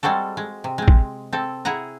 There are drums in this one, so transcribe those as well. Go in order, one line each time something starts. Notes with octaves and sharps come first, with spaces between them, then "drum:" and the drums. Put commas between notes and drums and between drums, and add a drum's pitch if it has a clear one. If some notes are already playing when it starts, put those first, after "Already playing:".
G3 G#3 C4 F#4 A4
G#3
C3
G#3 C4
drum: kick
C4 A4
E4 G#4 F#5 A#5